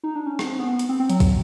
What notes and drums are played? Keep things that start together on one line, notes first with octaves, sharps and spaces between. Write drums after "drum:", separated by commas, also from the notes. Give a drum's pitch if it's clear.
D#4
D4
C#4
C4, drum: rim click
B3
drum: hi-hat
C4
C4
F#3, drum: hi-hat
drum: kick, hi-hat